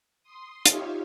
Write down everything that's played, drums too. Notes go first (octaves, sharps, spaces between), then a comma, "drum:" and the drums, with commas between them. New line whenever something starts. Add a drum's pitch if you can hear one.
C6 D#6
D#4 F4 G4 C#5 E5 F5, drum: hi-hat